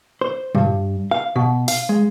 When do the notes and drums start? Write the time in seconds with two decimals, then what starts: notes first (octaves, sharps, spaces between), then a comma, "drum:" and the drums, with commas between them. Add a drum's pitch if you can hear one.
0.21 C5
0.55 G2, drum: tom A2
1.11 F5
1.36 B2
1.68 F5, drum: open hi-hat
1.89 G#3